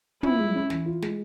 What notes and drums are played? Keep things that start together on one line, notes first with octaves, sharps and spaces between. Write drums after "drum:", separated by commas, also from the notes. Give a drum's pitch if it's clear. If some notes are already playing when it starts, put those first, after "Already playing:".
E4 F4, drum: tom
G#3
C#4
E3, drum: snare
F4
G#3, drum: snare